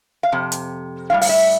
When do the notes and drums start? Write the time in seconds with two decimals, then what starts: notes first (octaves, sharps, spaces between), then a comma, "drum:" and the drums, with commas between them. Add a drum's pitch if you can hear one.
0.23 F5
0.32 F2 C3
0.52 drum: hi-hat
1.10 A2 E3 G3 F5
1.21 F5, drum: open hi-hat
1.29 E5